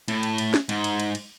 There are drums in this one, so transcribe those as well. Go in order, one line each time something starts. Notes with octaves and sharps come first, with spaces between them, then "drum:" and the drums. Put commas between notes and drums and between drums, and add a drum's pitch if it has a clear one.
A2, drum: cymbal
drum: cymbal
drum: cymbal
drum: snare
G#2, drum: cymbal
drum: cymbal
drum: cymbal
drum: cymbal